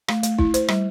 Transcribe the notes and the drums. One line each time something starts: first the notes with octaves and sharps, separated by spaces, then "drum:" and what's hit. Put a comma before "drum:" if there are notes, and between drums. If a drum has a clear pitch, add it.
A3, drum: rim click
A3, drum: hi-hat
E4, drum: kick
C5, drum: hi-hat
G3, drum: rim click